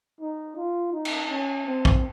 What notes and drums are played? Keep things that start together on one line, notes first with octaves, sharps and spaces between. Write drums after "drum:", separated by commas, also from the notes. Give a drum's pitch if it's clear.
D#4
F4
D#4
drum: cymbal
C#4
C4
drum: kick